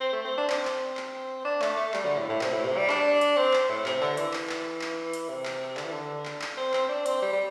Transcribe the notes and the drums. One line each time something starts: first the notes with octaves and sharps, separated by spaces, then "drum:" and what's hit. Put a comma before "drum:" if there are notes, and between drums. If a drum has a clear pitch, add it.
C4
A3
C4
D4
C4, drum: clap
drum: clap
drum: clap
D4
A3, drum: clap
A3
G3, drum: clap
D3
A2
A2
C3, drum: clap
A2
C3
G3
D4, drum: clap
drum: hi-hat
C4
drum: clap
A2
C3, drum: clap
D3
E3, drum: hi-hat
drum: clap
drum: clap
drum: clap
drum: hi-hat
C3
drum: clap
D3, drum: clap
E3
D3
drum: clap
drum: clap
C4
C4, drum: clap
D4
C4, drum: hi-hat
G3
G3